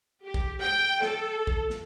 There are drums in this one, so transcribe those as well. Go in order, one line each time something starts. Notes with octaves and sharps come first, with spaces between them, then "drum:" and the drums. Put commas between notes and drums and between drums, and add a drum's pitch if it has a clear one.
G4
drum: kick
G5
A4, drum: snare
drum: kick
drum: snare